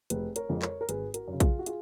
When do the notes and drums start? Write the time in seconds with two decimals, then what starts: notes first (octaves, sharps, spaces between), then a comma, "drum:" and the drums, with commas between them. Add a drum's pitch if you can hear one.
0.10 F1 G#4 B4, drum: hi-hat
0.36 A#4 C#5, drum: hi-hat
0.49 F2 F3 G#3
0.62 A#4 C#5, drum: clap
0.81 A#4
0.89 G#1 G#4 B4, drum: hi-hat
1.14 F#4 A#4, drum: hi-hat
1.28 F#2 C#3
1.40 F4 G#4, drum: kick A#1, hi-hat
1.59 F#4
1.66 F4 G#4, drum: hi-hat